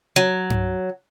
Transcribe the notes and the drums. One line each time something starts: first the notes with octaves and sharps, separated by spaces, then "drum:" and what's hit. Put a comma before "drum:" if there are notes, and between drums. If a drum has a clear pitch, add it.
F#3
drum: tom G2